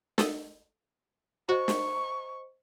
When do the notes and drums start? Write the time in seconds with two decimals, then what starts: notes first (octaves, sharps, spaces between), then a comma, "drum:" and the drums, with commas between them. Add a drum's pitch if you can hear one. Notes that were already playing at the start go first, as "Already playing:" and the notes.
0.18 A4 D#6, drum: snare
1.49 F#4 C5 D#5 C#6
1.68 drum: snare